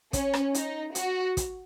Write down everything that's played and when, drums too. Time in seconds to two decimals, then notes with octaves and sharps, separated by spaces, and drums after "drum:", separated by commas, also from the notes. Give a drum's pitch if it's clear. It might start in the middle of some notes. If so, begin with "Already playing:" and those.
0.13 C#4, drum: kick, hi-hat
0.34 drum: rim click
0.54 D#4, drum: hi-hat
0.95 F#4, drum: hi-hat
1.37 drum: kick, hi-hat